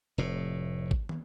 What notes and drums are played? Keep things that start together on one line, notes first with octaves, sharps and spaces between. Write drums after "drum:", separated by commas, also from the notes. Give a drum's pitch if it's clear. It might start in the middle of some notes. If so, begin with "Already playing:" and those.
F1 A2
drum: kick G#1
drum: tom